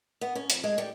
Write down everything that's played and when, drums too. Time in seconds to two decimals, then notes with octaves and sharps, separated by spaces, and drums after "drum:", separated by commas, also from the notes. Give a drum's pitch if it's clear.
0.21 B3
0.35 C#4
0.50 F2, drum: hi-hat
0.64 G#3
0.78 G3